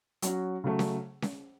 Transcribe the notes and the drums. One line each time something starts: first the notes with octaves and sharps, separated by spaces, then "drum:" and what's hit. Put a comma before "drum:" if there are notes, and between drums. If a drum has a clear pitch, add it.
F#3 C#4 F#4, drum: hi-hat
C#3 F#3 A3
drum: snare C#4
drum: snare C#4